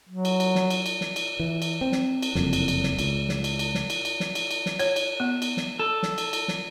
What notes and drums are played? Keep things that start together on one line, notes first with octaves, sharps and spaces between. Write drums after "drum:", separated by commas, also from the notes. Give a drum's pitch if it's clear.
F#3
drum: cymbal
drum: cymbal
drum: snare
drum: cymbal
drum: cymbal
drum: snare
drum: cymbal
E3
drum: cymbal
C4
drum: snare
drum: cymbal
F#1 C2 F2, drum: snare
drum: cymbal
drum: cymbal
drum: snare
C#2, drum: cymbal
drum: snare
drum: cymbal
drum: cymbal
drum: snare
drum: cymbal
drum: cymbal
drum: snare
drum: cymbal
drum: cymbal
drum: snare
C#5, drum: cymbal
drum: cymbal
B3
drum: cymbal
drum: snare
A4
drum: snare
drum: cymbal
drum: cymbal
drum: snare